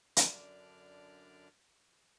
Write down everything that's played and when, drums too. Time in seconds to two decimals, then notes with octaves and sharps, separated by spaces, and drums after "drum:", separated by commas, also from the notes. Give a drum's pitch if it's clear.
0.17 F#2 D3 D4 D5 D6 F6, drum: hi-hat